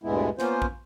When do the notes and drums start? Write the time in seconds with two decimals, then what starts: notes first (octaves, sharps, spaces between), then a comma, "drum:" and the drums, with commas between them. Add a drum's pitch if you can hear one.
0.03 D2 G2 A#2 G#3 B3 E4
0.39 A#3 B3 C#4 F4 C5, drum: snare
0.62 drum: kick A#1